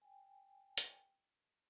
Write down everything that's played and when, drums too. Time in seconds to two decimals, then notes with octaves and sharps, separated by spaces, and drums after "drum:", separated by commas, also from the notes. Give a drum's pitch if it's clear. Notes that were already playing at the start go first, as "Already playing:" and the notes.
0.02 G5 G#5
0.78 drum: hi-hat